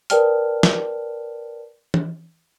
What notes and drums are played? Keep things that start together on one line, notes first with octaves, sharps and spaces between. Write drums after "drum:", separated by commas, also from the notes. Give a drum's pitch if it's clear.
A#4 B4 D5 G5 A5 F6, drum: hi-hat
drum: snare
drum: tom